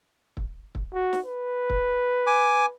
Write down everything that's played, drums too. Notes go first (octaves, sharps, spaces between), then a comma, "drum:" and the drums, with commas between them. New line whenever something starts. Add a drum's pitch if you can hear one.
drum: kick
drum: kick
F#4
drum: snare
B4
drum: kick
G#5 D6